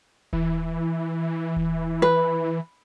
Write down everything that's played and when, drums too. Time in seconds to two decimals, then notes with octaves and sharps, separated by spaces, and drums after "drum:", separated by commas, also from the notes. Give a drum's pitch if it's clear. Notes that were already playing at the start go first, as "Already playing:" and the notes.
0.33 E3, drum: kick D#1
1.56 drum: kick D#1
2.02 B4